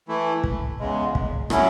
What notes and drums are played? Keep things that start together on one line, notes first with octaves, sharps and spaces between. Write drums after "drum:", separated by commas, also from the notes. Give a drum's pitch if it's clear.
E3 A3 E4
drum: kick
E2 C#3 G#3
drum: kick
A2 F#3 C#4 E4, drum: rim click